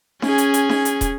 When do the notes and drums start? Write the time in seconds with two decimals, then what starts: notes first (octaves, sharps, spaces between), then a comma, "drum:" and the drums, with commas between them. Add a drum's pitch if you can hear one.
0.22 C#4 G#4, drum: snare D#4
0.38 drum: hi-hat
0.54 drum: hi-hat
0.69 drum: snare D#4
0.85 drum: hi-hat
1.01 drum: kick, hi-hat